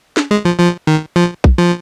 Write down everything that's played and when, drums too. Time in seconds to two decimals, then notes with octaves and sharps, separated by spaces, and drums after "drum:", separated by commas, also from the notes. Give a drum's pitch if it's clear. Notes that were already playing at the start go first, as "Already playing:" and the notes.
0.17 drum: snare
0.31 G#3
0.45 F3
0.59 F3
0.87 D#3
1.16 F3
1.44 drum: kick
1.58 F3